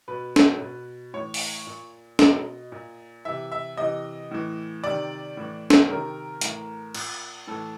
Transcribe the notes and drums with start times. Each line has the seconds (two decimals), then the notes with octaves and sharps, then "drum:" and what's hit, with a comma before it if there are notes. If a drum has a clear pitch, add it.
0.08 B2 B4
0.36 drum: snare
0.61 B2
1.14 A2 E3 C#5
1.34 drum: open hi-hat
1.67 A#2
2.19 B2 D#5, drum: snare
2.72 A#2
3.25 C3 E3 E5
3.52 E5
3.77 C3 E3 D#5
4.31 A2 E3
4.84 C3 D#3 D5
5.37 A2 E3
5.70 drum: snare
5.90 C3 D#3 A#4
6.41 A2 E3, drum: hi-hat
6.95 A#2, drum: cymbal
7.47 A2 E3 A4